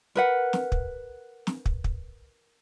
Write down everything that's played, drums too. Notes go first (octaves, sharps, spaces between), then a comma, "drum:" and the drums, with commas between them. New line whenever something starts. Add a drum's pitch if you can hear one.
A#4 B4 F#5
drum: snare
drum: kick
drum: snare
drum: kick
drum: kick